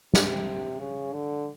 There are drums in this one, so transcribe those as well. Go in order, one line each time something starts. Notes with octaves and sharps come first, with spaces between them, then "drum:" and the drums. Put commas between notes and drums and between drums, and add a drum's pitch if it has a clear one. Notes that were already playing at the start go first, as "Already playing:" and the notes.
C3, drum: snare
C#3
D3